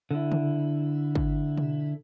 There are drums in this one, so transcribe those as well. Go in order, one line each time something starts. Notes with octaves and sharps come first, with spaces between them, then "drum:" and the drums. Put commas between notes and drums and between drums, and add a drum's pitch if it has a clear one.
D3 E4
drum: tom C#3
drum: kick
drum: tom B2